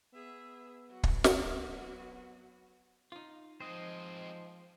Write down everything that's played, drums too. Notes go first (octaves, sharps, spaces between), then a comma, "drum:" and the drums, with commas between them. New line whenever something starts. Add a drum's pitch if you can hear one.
B3 G#4 E5
F#3 F#4
drum: kick
drum: snare
D#4 F4
F3 G#3 C4 C5 D#5